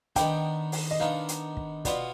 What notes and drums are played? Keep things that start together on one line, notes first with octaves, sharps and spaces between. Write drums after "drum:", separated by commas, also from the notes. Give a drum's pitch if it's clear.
D#3 B3 D4 G5, drum: kick, hi-hat
drum: open hi-hat
D#5
D#3 B3 D4 F5
drum: hi-hat
drum: kick
B2 B3 F4 D5, drum: kick, hi-hat